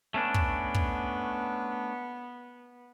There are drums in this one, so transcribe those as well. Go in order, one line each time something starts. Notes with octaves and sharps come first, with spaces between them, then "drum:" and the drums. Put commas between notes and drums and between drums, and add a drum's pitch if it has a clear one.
A3 B3 C#4 D4
drum: kick
drum: kick